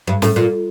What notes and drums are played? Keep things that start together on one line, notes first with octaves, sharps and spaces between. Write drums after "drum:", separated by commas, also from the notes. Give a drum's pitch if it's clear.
G2
A2, drum: snare
A#2